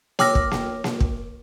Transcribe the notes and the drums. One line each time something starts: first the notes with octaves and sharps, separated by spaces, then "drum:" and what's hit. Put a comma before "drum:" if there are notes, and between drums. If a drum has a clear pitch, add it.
C#5 G5 D6 E6 F6 A#6, drum: snare A#3
drum: kick
drum: snare A#3
drum: snare A#3
drum: kick